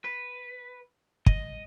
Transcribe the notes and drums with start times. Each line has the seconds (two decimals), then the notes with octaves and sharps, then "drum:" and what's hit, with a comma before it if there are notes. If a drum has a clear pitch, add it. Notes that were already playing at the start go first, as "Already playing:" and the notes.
0.04 B4
1.26 D#5, drum: kick